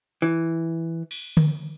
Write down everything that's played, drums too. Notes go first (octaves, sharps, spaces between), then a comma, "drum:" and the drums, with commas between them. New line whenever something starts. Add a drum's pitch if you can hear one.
E3
drum: cymbal
drum: tom D3